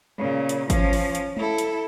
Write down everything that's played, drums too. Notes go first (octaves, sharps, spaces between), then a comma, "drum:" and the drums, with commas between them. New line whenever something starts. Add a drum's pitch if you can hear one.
A#2 C#3
drum: hi-hat
F3 C#4, drum: kick G#1, hi-hat
drum: open hi-hat
drum: hi-hat
E4 A4, drum: tom G#3
drum: hi-hat